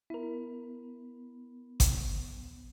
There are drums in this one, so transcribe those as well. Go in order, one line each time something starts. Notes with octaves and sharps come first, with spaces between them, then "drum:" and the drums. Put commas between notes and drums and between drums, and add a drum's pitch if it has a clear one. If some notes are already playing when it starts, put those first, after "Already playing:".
B3 E4 A#4
drum: kick G#1, hi-hat